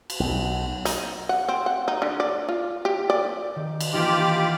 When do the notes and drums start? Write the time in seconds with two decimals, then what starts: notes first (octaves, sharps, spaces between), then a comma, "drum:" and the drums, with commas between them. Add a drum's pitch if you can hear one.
0.10 drum: cymbal
0.20 B1
0.85 D#4, drum: hi-hat
1.29 F#5
1.48 C4
1.66 F#5
1.88 D#4
2.02 D3
2.20 D5
2.48 F4
2.85 G4
3.10 D5
3.56 D#3
3.80 drum: cymbal
3.93 E3 A#3 D#4 F4 G4 D6